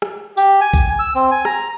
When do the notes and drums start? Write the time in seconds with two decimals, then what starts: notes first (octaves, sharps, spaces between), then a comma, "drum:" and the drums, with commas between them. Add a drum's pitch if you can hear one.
0.02 drum: rim click
0.37 G4, drum: tambourine
0.61 G#5
0.74 drum: kick A#1, tambourine
0.99 E6
1.15 C4
1.31 G#5
1.45 A#5, drum: rim click